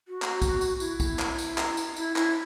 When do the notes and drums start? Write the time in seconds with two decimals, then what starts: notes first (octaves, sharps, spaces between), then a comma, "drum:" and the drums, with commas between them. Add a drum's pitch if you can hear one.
0.08 F#4
0.22 drum: clap
0.42 drum: kick B1, tambourine
0.61 drum: tambourine
0.80 E4, drum: tambourine
1.00 drum: kick B1, tambourine
1.19 drum: clap
1.38 drum: tambourine
1.58 drum: clap
1.77 drum: tambourine
1.96 E4, drum: tambourine
2.16 E4, drum: clap